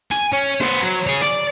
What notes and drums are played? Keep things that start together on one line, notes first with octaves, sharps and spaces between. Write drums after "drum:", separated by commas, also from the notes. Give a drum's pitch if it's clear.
G#5, drum: hi-hat
C#4
B3 C5, drum: snare
F#3
G#4 C#5
D5, drum: hi-hat